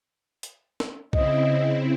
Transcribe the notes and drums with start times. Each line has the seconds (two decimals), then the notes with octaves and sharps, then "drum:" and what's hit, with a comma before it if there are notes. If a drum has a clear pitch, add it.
0.43 drum: hi-hat
0.80 drum: snare
1.13 C#3 C4 E4 D#5, drum: kick B1